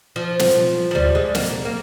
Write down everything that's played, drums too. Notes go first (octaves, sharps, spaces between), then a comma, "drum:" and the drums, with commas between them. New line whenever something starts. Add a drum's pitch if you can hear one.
F3
drum: snare
F3
G3, drum: tom
G#3
A#3, drum: snare
A#3